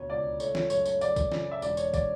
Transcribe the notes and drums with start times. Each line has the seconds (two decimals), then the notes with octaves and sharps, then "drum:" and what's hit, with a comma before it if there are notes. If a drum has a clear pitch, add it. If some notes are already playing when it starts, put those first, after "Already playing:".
Already playing: D2 B2 C#5
0.09 C#2 D5
0.40 A3 C#5, drum: tambourine
0.55 C#5, drum: snare
0.70 F#2 C#5, drum: tambourine
0.85 C#5, drum: tambourine
1.01 F#2 D5, drum: tambourine
1.16 drum: kick, tambourine
1.32 C#3, drum: snare
1.51 E5
1.62 E1 D5, drum: tambourine
1.77 C#5, drum: tambourine
1.94 D5, drum: kick, tambourine